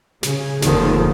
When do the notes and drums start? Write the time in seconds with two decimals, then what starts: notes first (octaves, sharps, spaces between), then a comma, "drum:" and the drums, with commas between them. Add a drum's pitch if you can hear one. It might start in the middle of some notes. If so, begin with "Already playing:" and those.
0.23 C#3, drum: snare
0.62 F1 D#2 G#2 D3 D#3 F3, drum: snare